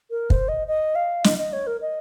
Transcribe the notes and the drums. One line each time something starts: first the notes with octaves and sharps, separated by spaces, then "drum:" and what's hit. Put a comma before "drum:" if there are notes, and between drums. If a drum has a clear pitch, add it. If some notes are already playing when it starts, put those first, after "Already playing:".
A#4
C5, drum: kick
D#5
D#5
F5
D#5, drum: snare
D#5
C#5
A#4
D#5